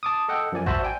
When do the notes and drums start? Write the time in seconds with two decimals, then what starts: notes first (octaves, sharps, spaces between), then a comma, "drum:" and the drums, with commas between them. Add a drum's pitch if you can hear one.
0.03 A5 D6 D#6
0.28 A4 D#5 F#5 G5
0.52 F#2 F3 D5 G#5
0.66 F#4 C5 E5 A5 B5, drum: kick A1
0.83 D5 G5 G#5